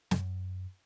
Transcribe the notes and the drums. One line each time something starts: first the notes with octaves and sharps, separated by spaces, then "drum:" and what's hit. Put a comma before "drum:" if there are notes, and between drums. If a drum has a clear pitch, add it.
F#2, drum: snare